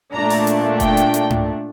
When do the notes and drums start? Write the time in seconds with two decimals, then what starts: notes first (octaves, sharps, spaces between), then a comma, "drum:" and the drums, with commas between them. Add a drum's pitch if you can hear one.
0.13 A#2 A3 D4 A#5
0.30 drum: open hi-hat
0.47 drum: hi-hat
0.80 G5, drum: kick F1, hi-hat
0.97 drum: hi-hat
1.14 drum: hi-hat
1.30 drum: tom G#2